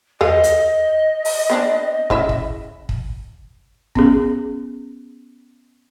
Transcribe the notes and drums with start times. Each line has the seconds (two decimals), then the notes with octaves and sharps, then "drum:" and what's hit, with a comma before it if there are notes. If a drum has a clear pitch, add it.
0.21 A4 B4 D#5 F5, drum: tom E2
0.44 drum: hi-hat
1.25 drum: open hi-hat
1.50 B3 C4 D4
2.10 C#3 E4 E5, drum: kick
2.29 drum: kick
2.89 drum: kick
3.95 B3 C#4 G#4, drum: kick